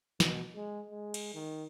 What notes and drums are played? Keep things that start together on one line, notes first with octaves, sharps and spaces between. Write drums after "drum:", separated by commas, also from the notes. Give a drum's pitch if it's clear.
B2, drum: snare
G#3
G#3
drum: cymbal
D#3